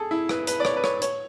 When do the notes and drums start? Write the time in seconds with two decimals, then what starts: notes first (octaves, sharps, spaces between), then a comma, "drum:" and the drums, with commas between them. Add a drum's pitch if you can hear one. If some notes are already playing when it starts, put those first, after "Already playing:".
Already playing: G#4 A4
0.11 E4
0.29 B4, drum: rim click
0.47 B4, drum: hi-hat
0.60 D5
0.65 C#5, drum: rim click
0.77 B4
0.84 C#5, drum: rim click
1.02 C#5, drum: hi-hat